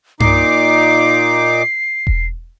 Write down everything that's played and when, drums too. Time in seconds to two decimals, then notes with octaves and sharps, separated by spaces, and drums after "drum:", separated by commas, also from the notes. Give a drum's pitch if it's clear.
0.20 A#2 D#4 D6 C7, drum: tom G2
2.07 drum: kick E1